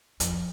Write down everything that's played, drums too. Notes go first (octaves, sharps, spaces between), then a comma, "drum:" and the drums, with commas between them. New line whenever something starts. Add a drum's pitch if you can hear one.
F2, drum: hi-hat